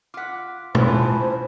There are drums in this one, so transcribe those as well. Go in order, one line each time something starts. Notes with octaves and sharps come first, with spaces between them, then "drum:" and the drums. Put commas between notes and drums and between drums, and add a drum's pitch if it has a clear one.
F4 F#5 D6 B6
E3 B3 C#4 E4 F4 C5, drum: tom
G#5 A5